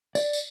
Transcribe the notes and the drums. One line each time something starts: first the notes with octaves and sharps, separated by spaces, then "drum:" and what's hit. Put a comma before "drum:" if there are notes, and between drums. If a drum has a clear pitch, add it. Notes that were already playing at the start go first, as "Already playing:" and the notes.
D5, drum: tambourine
drum: tambourine